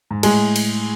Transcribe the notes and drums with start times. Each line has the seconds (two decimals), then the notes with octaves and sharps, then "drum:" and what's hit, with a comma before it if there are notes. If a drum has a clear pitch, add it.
0.11 G#2
0.23 A2 G#3, drum: cymbal
0.56 drum: cymbal